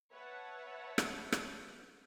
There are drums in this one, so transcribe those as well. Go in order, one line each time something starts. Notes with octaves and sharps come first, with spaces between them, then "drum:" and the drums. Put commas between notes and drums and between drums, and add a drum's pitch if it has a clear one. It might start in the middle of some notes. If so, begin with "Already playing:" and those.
B4 C#5 E5 F#5 A5
drum: rim click
drum: rim click